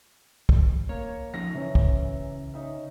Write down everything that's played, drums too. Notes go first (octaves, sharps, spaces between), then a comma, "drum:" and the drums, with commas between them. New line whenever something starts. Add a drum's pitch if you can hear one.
drum: kick
A#3 C#5
F3 C#4 D#4 A#6
F#2 C#3 E3 C#4
drum: kick
C#4 D#4 E5